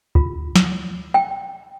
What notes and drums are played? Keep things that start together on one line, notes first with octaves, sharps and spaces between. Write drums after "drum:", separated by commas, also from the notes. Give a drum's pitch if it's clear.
F4, drum: kick D2
drum: snare
G5